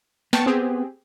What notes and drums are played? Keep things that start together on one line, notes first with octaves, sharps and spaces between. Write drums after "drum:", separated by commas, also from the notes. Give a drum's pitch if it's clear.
B3 G5 A5 C#6, drum: snare
C4 G4 G#4